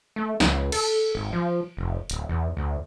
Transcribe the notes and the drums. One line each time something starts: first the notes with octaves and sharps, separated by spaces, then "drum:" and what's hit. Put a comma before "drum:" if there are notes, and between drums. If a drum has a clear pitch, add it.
A3
C#2, drum: snare
A4, drum: cymbal
G#1
F3
F1
D1, drum: hi-hat
E2
D2